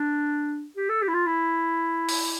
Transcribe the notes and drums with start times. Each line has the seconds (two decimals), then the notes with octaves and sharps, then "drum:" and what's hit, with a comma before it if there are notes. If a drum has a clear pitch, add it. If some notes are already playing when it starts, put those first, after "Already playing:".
Already playing: D4
0.76 G4
0.89 A4
1.02 G4
1.08 E4
1.14 F4
1.26 E4
2.09 drum: open hi-hat